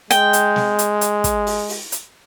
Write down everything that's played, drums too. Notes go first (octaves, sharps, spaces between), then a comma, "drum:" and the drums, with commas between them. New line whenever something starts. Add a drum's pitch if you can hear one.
G#3 G5, drum: hi-hat
drum: hi-hat
drum: snare
drum: hi-hat
drum: hi-hat
drum: kick, hi-hat
drum: open hi-hat
drum: open hi-hat
drum: hi-hat